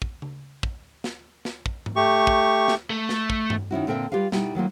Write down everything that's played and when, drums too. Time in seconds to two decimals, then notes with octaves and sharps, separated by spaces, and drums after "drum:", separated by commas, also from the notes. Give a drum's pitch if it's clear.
0.02 drum: kick
0.22 drum: tom C#3
0.63 drum: kick
1.04 drum: snare
1.45 drum: snare
1.66 drum: kick
1.86 drum: tom G#2
1.96 A3 G4 C#6
2.27 drum: kick
2.68 drum: snare
2.90 A3
3.09 drum: snare
3.30 drum: kick
3.50 drum: tom G2
3.71 D#3 C#4 E4 F#4
3.87 A#2 D3 C4 A#4 E5 G5
4.12 G3 F4 G4 B4 F5
4.32 B2 G3 D#4 E4 G5, drum: snare
4.55 D#3 F#3 A#3 F4